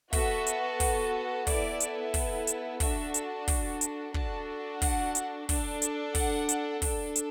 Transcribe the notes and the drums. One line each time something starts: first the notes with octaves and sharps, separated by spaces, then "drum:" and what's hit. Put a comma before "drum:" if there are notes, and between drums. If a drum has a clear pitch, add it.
B3 F#4 A4 E5, drum: kick, open hi-hat
drum: hi-hat
drum: kick, open hi-hat
B3 E4 A4 D5, drum: kick, open hi-hat
drum: hi-hat
drum: kick, open hi-hat
drum: hi-hat
D4 F#4 A4 E5, drum: kick, open hi-hat
drum: hi-hat
drum: kick, open hi-hat
drum: hi-hat
D4 F#4 A4 A5, drum: kick
F#5, drum: kick, open hi-hat
drum: hi-hat
D4 A4, drum: kick, open hi-hat
drum: hi-hat
F#5, drum: kick, open hi-hat
drum: hi-hat
D4 A4, drum: kick, open hi-hat
drum: hi-hat